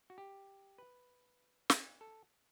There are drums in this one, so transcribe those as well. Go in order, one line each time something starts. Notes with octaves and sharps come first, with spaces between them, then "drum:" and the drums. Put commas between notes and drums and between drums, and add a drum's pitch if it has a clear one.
F#4
G4
B4
drum: snare
A4